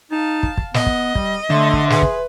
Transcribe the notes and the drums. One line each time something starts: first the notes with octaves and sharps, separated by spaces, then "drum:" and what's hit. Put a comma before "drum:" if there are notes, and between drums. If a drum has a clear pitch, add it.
D#4 F5 A5
drum: kick
drum: kick
B3 D#5, drum: snare
drum: kick
G3, drum: kick
D3 A3 E5 C6
drum: kick
G#4 B4, drum: snare
drum: kick